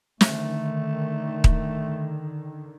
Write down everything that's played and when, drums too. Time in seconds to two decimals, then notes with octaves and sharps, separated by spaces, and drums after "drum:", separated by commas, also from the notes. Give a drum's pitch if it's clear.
0.21 D3 D#3 A3, drum: snare
1.44 drum: kick D#1